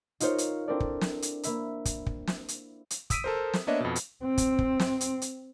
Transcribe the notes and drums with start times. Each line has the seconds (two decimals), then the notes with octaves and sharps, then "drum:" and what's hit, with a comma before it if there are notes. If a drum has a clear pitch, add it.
0.20 D#4 F4 A#4 C5 C#5 F5, drum: hi-hat
0.38 drum: hi-hat
0.68 C4 D4 E4 A4 A#4 D5
0.80 drum: kick
1.01 drum: snare
1.22 drum: hi-hat
1.43 A#3 E5 B5, drum: hi-hat
1.85 drum: kick, hi-hat
2.06 drum: kick
2.27 drum: snare
2.48 drum: hi-hat
2.90 drum: hi-hat
3.10 D#6 E6 B6 D7 D#7, drum: kick, hi-hat
3.24 A4 A#4 C5
3.53 drum: snare
3.67 A#3 B3 D4 C#5 D#5 E5
3.80 F2 B2
3.96 drum: hi-hat
4.24 C4
4.38 drum: kick, hi-hat
4.59 drum: kick
4.80 drum: snare
5.01 drum: hi-hat
5.22 drum: hi-hat